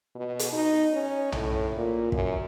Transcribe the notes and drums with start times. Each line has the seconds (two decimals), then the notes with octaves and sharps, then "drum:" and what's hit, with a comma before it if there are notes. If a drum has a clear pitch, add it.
0.15 B2
0.39 drum: hi-hat
0.52 D#4
0.93 C#4
1.32 A2, drum: tom B1
1.75 A#2
2.12 F#2, drum: kick